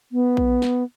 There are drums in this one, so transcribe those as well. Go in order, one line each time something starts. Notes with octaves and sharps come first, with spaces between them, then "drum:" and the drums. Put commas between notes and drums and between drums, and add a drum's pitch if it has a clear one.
B3
drum: kick A#1
drum: snare